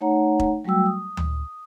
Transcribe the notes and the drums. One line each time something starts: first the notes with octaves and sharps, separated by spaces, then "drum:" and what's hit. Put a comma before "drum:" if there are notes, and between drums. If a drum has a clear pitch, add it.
A3 D#4 C#5 F#5 A#5
drum: kick E1
F#3 G3 A3 F#4 G5 E6
D#6
drum: tom D2